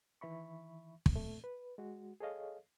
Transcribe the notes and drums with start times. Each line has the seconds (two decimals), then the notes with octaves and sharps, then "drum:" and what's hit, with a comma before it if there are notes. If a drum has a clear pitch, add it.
0.21 D#3 E3 E5 B5 C#6
1.06 drum: kick
1.15 A#2 A3
1.44 B4
1.78 G#3 F#4
2.20 G#4 A4 C#5 D#5 F5